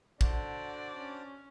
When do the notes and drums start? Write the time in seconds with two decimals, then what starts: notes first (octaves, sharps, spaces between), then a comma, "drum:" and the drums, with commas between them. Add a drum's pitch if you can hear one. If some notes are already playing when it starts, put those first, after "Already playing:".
0.21 D3 D4 F#4 C5 D5, drum: kick
0.98 C#4